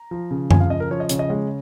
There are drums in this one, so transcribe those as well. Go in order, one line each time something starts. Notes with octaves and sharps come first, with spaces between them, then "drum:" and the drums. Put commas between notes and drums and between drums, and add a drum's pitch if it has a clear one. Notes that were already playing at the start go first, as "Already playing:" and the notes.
Already playing: A#5
F3
C#3
F3 G#5, drum: tom F#2
F5
C#3 D#5
A#4
F3 C#5
D#5
C#3 C#5, drum: hi-hat
D#5
G#3 C#5